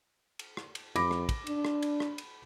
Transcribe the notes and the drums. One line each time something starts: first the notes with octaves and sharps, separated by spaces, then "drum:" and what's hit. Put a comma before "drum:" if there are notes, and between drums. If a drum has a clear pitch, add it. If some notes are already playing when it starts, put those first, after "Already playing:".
drum: cymbal
drum: rim click
drum: cymbal
F2 B5 D6 A#6, drum: cymbal
drum: rim click
drum: kick, cymbal
D4, drum: cymbal
drum: rim click
drum: cymbal
drum: rim click
drum: cymbal